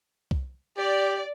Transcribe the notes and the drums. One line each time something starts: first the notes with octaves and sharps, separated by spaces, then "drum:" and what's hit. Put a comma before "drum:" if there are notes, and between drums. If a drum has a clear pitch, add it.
drum: kick C2
G4 D5